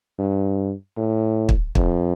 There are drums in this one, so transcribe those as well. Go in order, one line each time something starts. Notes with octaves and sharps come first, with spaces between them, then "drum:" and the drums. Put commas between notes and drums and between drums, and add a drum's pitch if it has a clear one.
G2
A2
drum: kick
F2, drum: kick